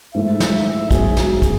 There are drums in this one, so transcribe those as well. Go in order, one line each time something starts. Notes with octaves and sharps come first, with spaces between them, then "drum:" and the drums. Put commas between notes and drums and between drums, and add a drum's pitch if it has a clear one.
G#2 E3 A3 E4 E5
drum: snare
G#2 F#3 B3 F#4 G#4, drum: kick, hi-hat
drum: snare
drum: kick, hi-hat